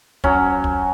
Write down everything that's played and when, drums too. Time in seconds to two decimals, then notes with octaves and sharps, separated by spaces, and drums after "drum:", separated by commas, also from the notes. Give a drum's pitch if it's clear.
0.24 F#3 C#4, drum: kick
0.64 drum: kick